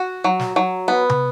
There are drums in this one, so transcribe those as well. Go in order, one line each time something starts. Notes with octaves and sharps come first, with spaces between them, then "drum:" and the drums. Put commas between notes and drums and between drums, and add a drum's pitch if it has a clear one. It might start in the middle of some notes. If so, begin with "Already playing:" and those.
Already playing: F#4
F#3
drum: snare
F#3
B3
drum: tom